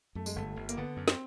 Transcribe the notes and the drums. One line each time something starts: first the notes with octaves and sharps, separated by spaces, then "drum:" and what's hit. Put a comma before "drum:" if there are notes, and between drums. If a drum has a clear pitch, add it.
F#2 A3
G#3, drum: tambourine
G1 A3
G1
A#3, drum: hi-hat
D3 B3
F#2
C4, drum: snare